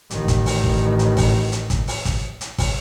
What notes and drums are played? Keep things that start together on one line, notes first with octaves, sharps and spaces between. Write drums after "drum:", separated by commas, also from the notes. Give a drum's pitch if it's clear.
A1 D#3, drum: hi-hat
drum: kick, hi-hat
drum: open hi-hat
drum: kick
drum: hi-hat
drum: kick, open hi-hat
drum: hi-hat
drum: kick, hi-hat
drum: open hi-hat
drum: kick, hi-hat
drum: hi-hat
drum: kick, open hi-hat